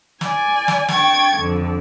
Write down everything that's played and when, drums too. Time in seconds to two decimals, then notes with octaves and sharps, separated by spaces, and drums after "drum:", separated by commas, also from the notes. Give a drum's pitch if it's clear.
0.21 D5 G#5, drum: snare
0.68 drum: snare
0.88 D4 G5 C#6 G#6 A6, drum: snare
1.38 F2 D3